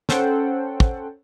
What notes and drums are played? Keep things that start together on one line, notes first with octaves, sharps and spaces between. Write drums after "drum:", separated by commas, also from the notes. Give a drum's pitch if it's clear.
C#4 A4 C5 F#5 G5, drum: snare
drum: kick